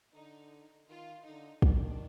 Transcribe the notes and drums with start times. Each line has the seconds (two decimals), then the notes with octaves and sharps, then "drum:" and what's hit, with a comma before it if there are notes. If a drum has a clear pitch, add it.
0.14 D3 D#4
0.88 D#3 F4
1.25 D3 D#4
1.62 D#3 D4, drum: kick